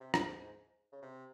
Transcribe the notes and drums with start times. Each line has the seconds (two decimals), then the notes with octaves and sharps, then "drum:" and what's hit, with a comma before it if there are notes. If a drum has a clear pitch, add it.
0.01 C3
0.14 G#2, drum: rim click
0.27 G#2
0.39 G#2
0.92 C#3
1.02 C3